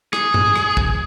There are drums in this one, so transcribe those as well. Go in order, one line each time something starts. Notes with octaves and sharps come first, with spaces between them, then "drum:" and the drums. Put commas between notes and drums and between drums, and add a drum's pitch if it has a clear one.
G#4, drum: rim click
drum: tom G2
drum: rim click
drum: kick